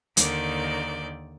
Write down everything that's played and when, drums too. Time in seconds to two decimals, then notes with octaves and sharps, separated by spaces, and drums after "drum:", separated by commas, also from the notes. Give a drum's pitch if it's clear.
0.17 D#2 D3 D#3 D5 G6, drum: hi-hat